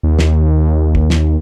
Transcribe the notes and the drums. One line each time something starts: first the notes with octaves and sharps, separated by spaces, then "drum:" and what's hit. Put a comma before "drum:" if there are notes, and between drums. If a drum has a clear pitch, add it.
D#2
drum: snare
drum: kick
drum: snare